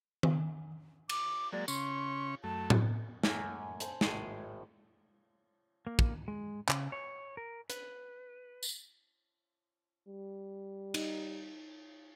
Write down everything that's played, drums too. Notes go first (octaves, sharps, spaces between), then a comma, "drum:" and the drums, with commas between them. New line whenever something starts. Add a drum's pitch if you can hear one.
drum: tom D#3
D6, drum: cymbal
F#3 G#3 A#3 D5
C#3 C#4 C6 C#6, drum: tambourine
F#2 A3 A5
drum: tom A2
F#2 A3 A#3 F#5 G#5, drum: snare
C5 A5 C6, drum: hi-hat
G#1 A2 G#3 G#4, drum: snare
A#3
drum: kick
G#3
C#3, drum: clap
C#5
A#4
B4, drum: hi-hat
drum: tambourine
G3
D#4, drum: cymbal